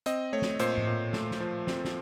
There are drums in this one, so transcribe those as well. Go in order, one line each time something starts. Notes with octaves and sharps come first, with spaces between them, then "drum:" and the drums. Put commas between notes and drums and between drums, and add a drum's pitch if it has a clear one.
C4 D#5, drum: hi-hat
A3 C#5
drum: snare
A#2 C5, drum: hi-hat
drum: tom A2
A#2
A3, drum: snare
drum: snare
F3
C4, drum: snare
drum: snare